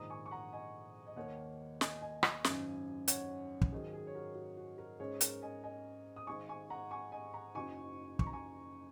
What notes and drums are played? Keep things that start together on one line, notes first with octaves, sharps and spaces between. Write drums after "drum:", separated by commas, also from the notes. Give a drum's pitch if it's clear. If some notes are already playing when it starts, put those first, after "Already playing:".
Already playing: A#1 G#2 D#3 G#3 A#5 D#6
G#5 C#6
C#6
F#5 A#5
D#5 G#5
D#5
D#2 D#3 A#3 C#5 F#5
D#5 G#5, drum: snare
D#5 G#5
D#5 G#5, drum: rim click
G#1 F#2 C#3, drum: snare
C#5 F#5, drum: hi-hat
drum: kick
G#2 D#3 F#3 G#4
G#4
C#5
F#4 A#4
F#4
F#4
F#4 A#4
G#2 G#3 C#4 G#4 C#5
A#4 D#5, drum: hi-hat
D#5 G#5
D#5 G#5
D#6
G#1 G#2 G#3 G#5 C#6
G#5 C#6
F#5 A#5
G#5 C#6
D#5 G#5
F#5 A#5
F#1 F#2 F#3 D#4 G#5 C#6
C#6, drum: kick
A#5
G#5 C#6